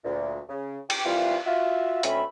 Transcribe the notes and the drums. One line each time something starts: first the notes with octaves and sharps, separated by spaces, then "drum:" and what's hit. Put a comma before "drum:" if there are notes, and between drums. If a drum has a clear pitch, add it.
D2 A#2
C#3
G4, drum: cymbal
E3 G3 A3 A#3 C4 F4
F4 F#4 E5
D2 A3 C4 C#4 E5 B5, drum: hi-hat